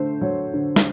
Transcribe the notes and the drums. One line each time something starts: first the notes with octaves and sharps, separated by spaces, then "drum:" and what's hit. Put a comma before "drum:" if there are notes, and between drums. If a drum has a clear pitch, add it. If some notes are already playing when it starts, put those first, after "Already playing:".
Already playing: D3 A3 C5
F#3 C#5
D3
drum: snare